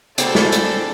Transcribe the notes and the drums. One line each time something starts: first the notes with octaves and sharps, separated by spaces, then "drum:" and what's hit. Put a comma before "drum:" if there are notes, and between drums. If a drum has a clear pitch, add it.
D2 B3 C4 D4 G#4 A4, drum: hi-hat
drum: snare
drum: hi-hat